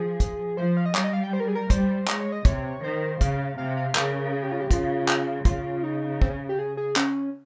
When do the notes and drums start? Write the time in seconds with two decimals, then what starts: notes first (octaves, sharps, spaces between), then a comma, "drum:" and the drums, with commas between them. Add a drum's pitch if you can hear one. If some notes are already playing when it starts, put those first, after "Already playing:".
Already playing: F3 G#4
0.20 drum: kick, hi-hat
0.57 F3 C5
0.77 F5
0.86 D#5
0.95 G3 C#5, drum: clap
1.04 D#5
1.13 F5
1.24 G5
1.33 C5
1.40 A#4
1.48 G#4
1.55 A#4
1.70 G3 C5, drum: kick, hi-hat
2.07 G#3 C#5, drum: clap
2.20 C#5
2.32 D#5
2.45 C3 C#5, drum: kick, hi-hat
2.83 D#3 C5
3.21 C#3 F5, drum: kick, hi-hat
3.58 C3 F5
3.77 F5
3.95 C#3 A#4, drum: clap
4.33 G#4
4.43 G4
4.52 F4
4.61 G4
4.71 C#3 F4, drum: kick, hi-hat
5.08 drum: clap
5.45 C#3 F4, drum: kick, hi-hat
5.83 D#4
6.21 C4, drum: kick
6.30 C#4
6.49 G4
6.59 G#4
6.77 G#4
6.96 C#4, drum: clap